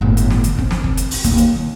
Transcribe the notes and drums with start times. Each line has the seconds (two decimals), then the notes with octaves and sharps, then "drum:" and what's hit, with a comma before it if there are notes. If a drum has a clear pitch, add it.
0.01 G1 A2
0.17 drum: hi-hat
0.30 drum: snare
0.44 drum: hi-hat
0.58 C4, drum: kick
0.71 drum: snare
0.84 drum: kick
0.97 drum: hi-hat
1.11 drum: open hi-hat
1.24 D#2 A#3, drum: kick, hi-hat
1.38 drum: hi-hat
1.56 D#3